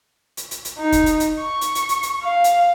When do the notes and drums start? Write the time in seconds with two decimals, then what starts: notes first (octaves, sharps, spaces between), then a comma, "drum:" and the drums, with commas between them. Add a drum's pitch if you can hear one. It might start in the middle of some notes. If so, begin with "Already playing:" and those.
0.37 drum: hi-hat
0.51 drum: hi-hat
0.65 drum: hi-hat
0.79 D#4
0.92 drum: kick, hi-hat
1.06 drum: hi-hat
1.20 drum: hi-hat
1.42 C#6
1.61 drum: hi-hat
1.75 drum: hi-hat
1.89 drum: hi-hat
2.03 drum: hi-hat
2.23 F5
2.44 drum: hi-hat